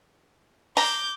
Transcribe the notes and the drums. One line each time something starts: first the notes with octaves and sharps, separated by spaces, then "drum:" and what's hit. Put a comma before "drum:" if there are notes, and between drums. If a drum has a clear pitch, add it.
A#5 D6 G6, drum: open hi-hat